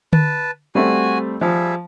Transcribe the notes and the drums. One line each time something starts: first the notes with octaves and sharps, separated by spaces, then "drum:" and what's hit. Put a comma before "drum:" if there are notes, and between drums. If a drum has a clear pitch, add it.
B4 A5, drum: tom D3
G3 A3 C4 F#4 G#5
F3 G3 G#4 E5